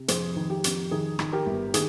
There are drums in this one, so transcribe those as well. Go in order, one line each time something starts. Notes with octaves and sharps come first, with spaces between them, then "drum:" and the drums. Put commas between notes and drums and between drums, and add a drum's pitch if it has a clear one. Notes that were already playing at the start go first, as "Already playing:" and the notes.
Already playing: C3
F2 G#4 C5, drum: hi-hat
D#3
G4
F2, drum: hi-hat
D#3 G#4
D#3, drum: rim click
G4 A#4
G1
D#3 G#4, drum: hi-hat